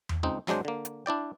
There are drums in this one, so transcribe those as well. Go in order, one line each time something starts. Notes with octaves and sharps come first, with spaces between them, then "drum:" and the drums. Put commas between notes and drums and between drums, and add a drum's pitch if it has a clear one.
drum: tom E2
C#2 C4 D#4
G#1 F#3 G#3 D4 C5, drum: snare
D3 A#3
drum: hi-hat
D4 E4 D5 G5